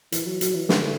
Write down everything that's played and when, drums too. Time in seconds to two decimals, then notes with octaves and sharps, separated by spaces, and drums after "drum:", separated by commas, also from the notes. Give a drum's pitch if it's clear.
0.12 E3, drum: hi-hat
0.26 F#3
0.41 F#3, drum: hi-hat
0.55 E3
0.69 D3, drum: snare